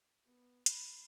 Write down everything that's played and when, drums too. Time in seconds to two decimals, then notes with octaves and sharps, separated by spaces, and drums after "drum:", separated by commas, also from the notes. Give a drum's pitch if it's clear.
0.24 B3
0.66 B5, drum: hi-hat